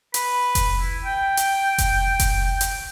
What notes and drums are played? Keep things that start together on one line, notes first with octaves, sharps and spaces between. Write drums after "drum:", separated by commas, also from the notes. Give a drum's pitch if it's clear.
B4, drum: hi-hat
drum: kick F1, hi-hat
E4
G5
drum: hi-hat
drum: kick F1, hi-hat
drum: kick F1, hi-hat
drum: hi-hat